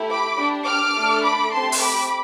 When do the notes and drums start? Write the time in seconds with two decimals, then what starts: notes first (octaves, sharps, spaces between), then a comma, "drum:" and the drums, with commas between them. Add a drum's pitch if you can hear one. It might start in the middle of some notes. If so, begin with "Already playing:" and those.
Already playing: A3 E4 G4
0.09 B5 D6
0.37 D4 G4
0.66 D6 F6
0.96 A3 D4 A4
1.24 B5 D6
1.53 A3 C4 G4 A5 C6
1.72 drum: open hi-hat
1.82 B5 D6